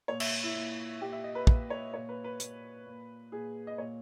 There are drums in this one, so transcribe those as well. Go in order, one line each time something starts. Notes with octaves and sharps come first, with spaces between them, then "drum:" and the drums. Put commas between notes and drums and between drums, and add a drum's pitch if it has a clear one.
A#2 C#5
E5, drum: cymbal
E4
A#2
A#2 G4
E5
D#5
B4
A#2 B4, drum: kick
C#5
A#2 C#5
B4
B4
A#2, drum: hi-hat
A#2
A#2 G#4
D#5
A#2 C#5